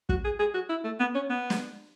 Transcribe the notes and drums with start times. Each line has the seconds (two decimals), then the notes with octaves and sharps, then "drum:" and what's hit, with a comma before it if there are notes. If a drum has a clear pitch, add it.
0.09 F#4, drum: kick
0.25 G#4
0.39 G#4
0.54 F#4
0.69 E4
0.84 A3
1.00 B3
1.15 C#4
1.30 B3
1.50 drum: snare